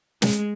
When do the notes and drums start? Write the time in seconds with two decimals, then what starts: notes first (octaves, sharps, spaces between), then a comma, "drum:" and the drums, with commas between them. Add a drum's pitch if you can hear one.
0.22 G#3, drum: snare